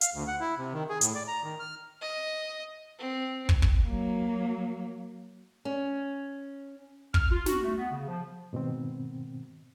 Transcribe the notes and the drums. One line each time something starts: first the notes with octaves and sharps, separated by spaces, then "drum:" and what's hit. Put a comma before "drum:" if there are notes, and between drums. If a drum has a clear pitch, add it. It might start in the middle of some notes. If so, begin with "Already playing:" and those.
F5, drum: hi-hat
D2
F#5
E4
C3
D#3
G#4
A2, drum: hi-hat
D5
A#5
D#3
F6
D#5
C4
drum: kick
drum: kick
F#3 A#3
C#4
F6, drum: kick
F4
F#4, drum: snare
A3
B3
C#3
F3
G#2 B2 D#3 C4